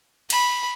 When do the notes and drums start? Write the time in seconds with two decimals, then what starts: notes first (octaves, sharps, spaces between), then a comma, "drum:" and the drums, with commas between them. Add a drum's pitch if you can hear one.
0.30 B5, drum: cymbal